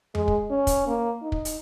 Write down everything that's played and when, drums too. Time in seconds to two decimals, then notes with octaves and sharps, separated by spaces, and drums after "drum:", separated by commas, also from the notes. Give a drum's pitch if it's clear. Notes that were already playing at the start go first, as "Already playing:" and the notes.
0.15 G#3, drum: tom F2
0.28 drum: kick
0.50 C#4
0.67 drum: kick, hi-hat
0.87 A#3
1.22 D#4
1.32 drum: kick
1.45 drum: hi-hat